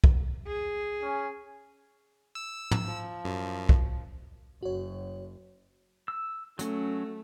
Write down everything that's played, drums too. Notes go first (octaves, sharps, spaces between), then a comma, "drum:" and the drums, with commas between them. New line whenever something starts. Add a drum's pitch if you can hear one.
drum: kick
G#4
C#4 G#5
E6
drum: tom
F3
F#2
drum: kick
F#1 F#4 C#5
E6
F#3 A3 C#4, drum: hi-hat